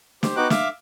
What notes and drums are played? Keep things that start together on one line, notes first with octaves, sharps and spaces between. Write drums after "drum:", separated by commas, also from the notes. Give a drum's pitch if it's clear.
G4 C5, drum: snare
B3 D#4 F#4 G5 D6 F#6
E5 F5 D6, drum: snare